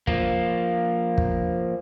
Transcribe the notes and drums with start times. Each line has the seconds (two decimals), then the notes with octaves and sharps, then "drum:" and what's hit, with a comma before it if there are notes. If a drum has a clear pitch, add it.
0.07 F3 A#3, drum: kick
1.18 drum: kick